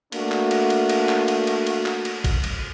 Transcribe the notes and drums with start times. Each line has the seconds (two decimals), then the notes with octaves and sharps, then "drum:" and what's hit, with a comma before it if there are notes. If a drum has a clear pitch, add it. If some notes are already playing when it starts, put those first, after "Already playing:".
0.12 A3 A#3 D4 F#4, drum: cymbal
0.32 drum: clap
0.51 drum: cymbal
0.70 drum: cymbal
0.89 drum: cymbal
1.09 drum: clap
1.28 drum: cymbal
1.47 drum: cymbal
1.67 drum: cymbal
1.86 drum: clap
2.05 drum: cymbal
2.24 drum: kick A#1, cymbal
2.44 drum: cymbal